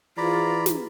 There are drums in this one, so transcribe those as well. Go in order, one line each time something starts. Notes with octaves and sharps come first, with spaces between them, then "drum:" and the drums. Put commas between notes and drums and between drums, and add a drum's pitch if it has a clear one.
E3 F4 G#4 B4 C5 D5 A#5 B5
drum: snare